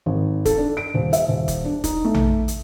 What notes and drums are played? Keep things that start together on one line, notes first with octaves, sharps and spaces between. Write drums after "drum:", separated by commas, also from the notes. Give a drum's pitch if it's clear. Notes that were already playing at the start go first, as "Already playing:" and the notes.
G#1
A4, drum: kick, hi-hat
D4
D7
D#1
E5, drum: hi-hat
D#1
drum: kick, hi-hat
D4
D#4, drum: kick, hi-hat
A3
drum: tom A#1
drum: hi-hat